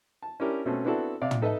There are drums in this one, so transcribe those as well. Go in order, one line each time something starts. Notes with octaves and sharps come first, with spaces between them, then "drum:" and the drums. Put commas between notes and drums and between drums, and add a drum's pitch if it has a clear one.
A5
C#4 D4 E4 G4 A#4
B2 A3 C4 C#4
B3 C4 D4 E4 F#4 A4
C3 D5 F5 D6
drum: tom
D#4 A4 B4 D#5 E5 A5